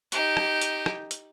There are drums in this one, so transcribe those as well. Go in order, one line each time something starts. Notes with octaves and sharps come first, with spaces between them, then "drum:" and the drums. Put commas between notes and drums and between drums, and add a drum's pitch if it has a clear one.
D#4 G4, drum: hi-hat
drum: rim click
drum: hi-hat
drum: rim click
drum: hi-hat